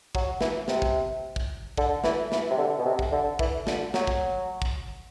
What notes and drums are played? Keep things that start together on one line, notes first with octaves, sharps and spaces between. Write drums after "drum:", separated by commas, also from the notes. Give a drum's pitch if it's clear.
F#3, drum: kick
E3, drum: snare
C3, drum: snare
drum: kick
drum: kick
D3, drum: kick
E3, drum: snare
E3, drum: snare
C3
D3
B2
C3
drum: kick
D3
E3, drum: kick
D3, drum: snare
F#3, drum: snare
drum: kick
drum: kick